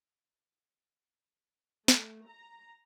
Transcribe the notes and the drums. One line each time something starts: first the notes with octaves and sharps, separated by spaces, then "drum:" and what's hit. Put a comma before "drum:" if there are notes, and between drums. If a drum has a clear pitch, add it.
A3, drum: snare
A#5